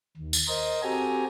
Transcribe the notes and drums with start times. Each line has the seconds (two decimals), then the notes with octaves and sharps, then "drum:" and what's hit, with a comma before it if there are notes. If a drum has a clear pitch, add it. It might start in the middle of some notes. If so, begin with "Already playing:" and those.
0.17 D#2
0.33 drum: tambourine
0.48 A#4 C5 D#5
0.83 C4 F#4 G4 A4 G#5 A#5